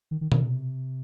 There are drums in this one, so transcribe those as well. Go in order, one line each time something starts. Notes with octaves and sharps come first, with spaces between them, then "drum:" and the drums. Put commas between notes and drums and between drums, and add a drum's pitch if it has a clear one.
D#3
D#3
D#3, drum: tom B2
C3